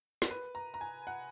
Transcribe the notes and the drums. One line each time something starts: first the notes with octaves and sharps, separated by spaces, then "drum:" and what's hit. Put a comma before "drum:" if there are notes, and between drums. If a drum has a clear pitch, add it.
A#4, drum: snare
B4
A#5
A#5
G#5
F#5